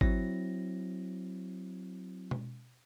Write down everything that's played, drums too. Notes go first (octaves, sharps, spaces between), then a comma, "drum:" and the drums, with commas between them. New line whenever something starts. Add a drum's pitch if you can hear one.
F#3 C4 E4 A#6, drum: kick G#1
drum: tom B2